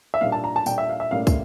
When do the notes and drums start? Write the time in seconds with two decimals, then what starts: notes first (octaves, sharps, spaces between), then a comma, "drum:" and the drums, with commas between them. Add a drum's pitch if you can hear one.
0.14 E5
0.21 A#2 G3 D4 F5
0.32 A5
0.44 A#5
0.56 A5
0.66 A#2 G3 D4 G5, drum: tambourine
0.78 E5
0.89 F5
1.00 E5
1.11 A2 G3 A#3 C#4 F5
1.27 drum: kick, tambourine